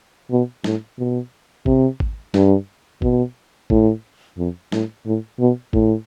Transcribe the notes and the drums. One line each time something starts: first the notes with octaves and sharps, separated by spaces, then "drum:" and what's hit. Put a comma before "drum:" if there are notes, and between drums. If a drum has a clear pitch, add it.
B2
A2, drum: snare G3
B2
C3, drum: kick G#1
drum: kick G#1
G2, drum: snare G3
B2, drum: kick G#1
A2, drum: kick G#1
F2
A2, drum: snare G3
A2
B2
A2, drum: kick G#1